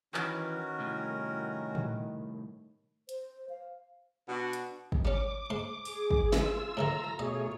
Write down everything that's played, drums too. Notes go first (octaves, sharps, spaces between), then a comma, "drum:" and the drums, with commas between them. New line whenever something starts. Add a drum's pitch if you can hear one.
D#3 E3 C#4 F#4 A#4 B4, drum: clap
C2 A2
drum: tom A2
C5, drum: hi-hat
F5
B2 D4 F#4
drum: hi-hat
drum: kick G#1
G3 C#4 D6
G#2 C6
G#4, drum: open hi-hat
drum: kick G#1
E3 G#3 F4 E6, drum: snare
G#2 C3 D#3 A4 A#5
B2 A3 F4 G#4 C#5 D#5